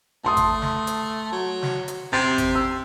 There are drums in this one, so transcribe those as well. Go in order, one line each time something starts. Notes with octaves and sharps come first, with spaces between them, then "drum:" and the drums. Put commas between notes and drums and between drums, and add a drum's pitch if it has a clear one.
A3 A5 C6 D#6
drum: kick G#1, hi-hat
drum: snare
drum: hi-hat
F#3
drum: snare
drum: hi-hat
C3 C6 A6
drum: kick G#1, hi-hat
E6